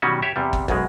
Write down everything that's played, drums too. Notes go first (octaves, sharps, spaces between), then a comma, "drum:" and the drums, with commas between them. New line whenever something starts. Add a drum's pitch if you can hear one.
B2 D#3 F#3 G3 C#4 F#4
G4 C#5 E5
E2 C3 G3
drum: kick
B1 F#2 B2 G#3, drum: kick